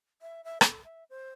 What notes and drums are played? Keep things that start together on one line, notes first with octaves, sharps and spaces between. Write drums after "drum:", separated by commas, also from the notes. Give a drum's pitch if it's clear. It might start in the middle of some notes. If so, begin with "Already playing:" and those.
E5
E5
A4, drum: rim click
E5
C5